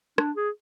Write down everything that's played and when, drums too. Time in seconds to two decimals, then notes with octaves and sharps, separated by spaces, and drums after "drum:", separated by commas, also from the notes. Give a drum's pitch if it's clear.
0.18 D4, drum: rim click
0.36 G#4